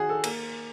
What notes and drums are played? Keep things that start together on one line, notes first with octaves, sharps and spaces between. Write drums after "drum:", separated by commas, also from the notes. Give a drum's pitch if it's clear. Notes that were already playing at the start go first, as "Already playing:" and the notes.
Already playing: D#3 F#4 G#4
A4
A#3, drum: cymbal